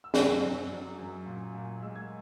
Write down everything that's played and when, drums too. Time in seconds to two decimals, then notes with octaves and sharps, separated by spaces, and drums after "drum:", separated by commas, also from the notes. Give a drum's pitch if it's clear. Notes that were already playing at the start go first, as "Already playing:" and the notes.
0.04 E6
0.14 F#2 F#6, drum: snare
0.42 F#2
0.70 F#3
0.98 F#2
1.26 A#2
1.54 A#2
1.82 G#3 E6
1.96 G#6